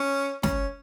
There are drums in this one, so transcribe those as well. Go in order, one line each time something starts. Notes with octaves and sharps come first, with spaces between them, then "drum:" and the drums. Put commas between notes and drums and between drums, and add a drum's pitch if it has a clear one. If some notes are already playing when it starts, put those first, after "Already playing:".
Already playing: C#4
C#4, drum: snare